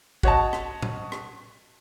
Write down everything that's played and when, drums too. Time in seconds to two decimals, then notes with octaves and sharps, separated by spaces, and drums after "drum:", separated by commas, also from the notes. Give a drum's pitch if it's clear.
0.23 F#4 C#5 D#5 A5, drum: kick
0.53 drum: rim click
0.82 drum: tom
1.12 drum: rim click